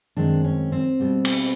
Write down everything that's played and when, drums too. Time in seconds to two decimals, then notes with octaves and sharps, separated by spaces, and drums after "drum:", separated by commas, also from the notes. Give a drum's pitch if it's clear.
0.17 F#2 D#3 G#3 C4 D4
0.44 C#4
0.72 C4
1.00 B2 G3 B3
1.25 drum: cymbal